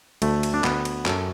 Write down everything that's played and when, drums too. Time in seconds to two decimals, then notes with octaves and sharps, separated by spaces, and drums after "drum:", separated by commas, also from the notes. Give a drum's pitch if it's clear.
0.22 D2 A3, drum: cymbal
0.43 drum: cymbal
0.54 D4
0.64 D2 B3, drum: clap
0.85 drum: cymbal
1.06 F#2 A4, drum: clap